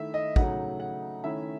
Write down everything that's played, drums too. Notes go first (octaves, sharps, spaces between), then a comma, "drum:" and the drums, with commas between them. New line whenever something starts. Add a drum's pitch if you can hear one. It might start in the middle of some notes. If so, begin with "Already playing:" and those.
Already playing: D#3 A3 E4 E5
D#5
C#3 F#3 A3 D#4 F#5, drum: kick
F#5
D#3 A3 C#4 E4 E5